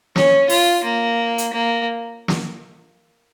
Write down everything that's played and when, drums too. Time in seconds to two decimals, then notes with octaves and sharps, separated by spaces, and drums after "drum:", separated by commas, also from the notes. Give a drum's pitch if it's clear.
0.16 C#4, drum: snare
0.49 F4, drum: open hi-hat
0.84 A#3
1.38 drum: hi-hat
1.53 A#3
2.28 drum: snare